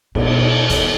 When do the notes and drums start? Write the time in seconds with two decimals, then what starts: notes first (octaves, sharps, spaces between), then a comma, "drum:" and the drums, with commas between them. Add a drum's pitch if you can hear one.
0.15 B2, drum: cymbal
0.70 E2, drum: hi-hat